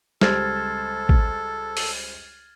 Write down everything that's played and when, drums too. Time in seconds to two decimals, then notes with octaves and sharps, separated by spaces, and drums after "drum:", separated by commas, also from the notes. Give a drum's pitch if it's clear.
0.21 C#2 G3 A4 C5 F6 G#6 A6, drum: snare
1.09 drum: kick G#1
1.77 drum: open hi-hat